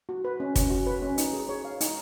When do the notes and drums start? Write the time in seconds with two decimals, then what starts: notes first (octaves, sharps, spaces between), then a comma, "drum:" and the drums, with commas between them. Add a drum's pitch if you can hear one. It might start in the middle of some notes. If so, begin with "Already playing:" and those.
0.09 F#4
0.25 B4
0.40 C#4
0.56 C#4, drum: kick, hi-hat
0.71 F#4
0.87 B4
1.02 C#4
1.18 D#4, drum: hi-hat
1.33 G#4
1.49 C#5
1.65 F5
1.81 D#4, drum: hi-hat